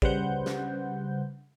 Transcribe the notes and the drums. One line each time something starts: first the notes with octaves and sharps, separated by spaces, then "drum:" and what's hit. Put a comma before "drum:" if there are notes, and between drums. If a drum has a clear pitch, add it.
C#3 G3 B4 C5 F#5 G6, drum: kick
drum: snare